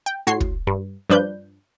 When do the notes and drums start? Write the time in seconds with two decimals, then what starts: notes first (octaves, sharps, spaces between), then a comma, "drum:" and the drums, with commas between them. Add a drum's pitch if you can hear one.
0.06 G5
0.27 A2 F#4 C#5 C6 C7
0.40 drum: kick
0.67 G2
1.10 G2 F3 D4 B4 G6